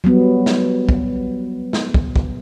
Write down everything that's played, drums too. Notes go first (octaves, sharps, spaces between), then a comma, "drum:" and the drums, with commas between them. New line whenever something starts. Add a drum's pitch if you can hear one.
F#3 G3 B3
drum: snare
drum: kick
drum: snare
drum: kick
drum: kick